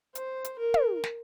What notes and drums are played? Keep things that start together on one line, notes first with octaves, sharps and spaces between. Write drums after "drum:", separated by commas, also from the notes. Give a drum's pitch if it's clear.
C5, drum: hi-hat
drum: hi-hat
A#4
drum: tom
drum: snare